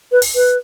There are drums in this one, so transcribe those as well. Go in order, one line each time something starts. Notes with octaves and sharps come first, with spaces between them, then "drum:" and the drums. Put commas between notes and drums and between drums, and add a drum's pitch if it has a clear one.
B4
drum: open hi-hat
B4